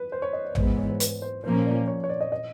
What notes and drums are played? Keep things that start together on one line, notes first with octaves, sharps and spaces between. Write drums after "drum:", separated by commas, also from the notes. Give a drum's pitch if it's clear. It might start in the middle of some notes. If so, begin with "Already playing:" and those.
Already playing: B4
C5
C#5
D#5
D5
G#2 E3 G#3 B3 C5, drum: tom A1
C#5
C5
B4, drum: hi-hat
C5
A#2 F3 A#3 C#4 C5
D5
C#5
C#5
D5
D#5
D#5